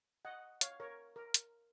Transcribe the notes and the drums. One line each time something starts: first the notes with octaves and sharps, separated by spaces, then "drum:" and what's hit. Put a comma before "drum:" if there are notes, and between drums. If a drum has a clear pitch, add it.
D#5 F#5
C#5 F5, drum: hi-hat
A#4 C#5
A#4
drum: hi-hat